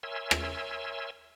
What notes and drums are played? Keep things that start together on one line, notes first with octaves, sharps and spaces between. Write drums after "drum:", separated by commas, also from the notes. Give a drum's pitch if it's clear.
A#4 C#5 E5 G#5 C6 E6
drum: rim click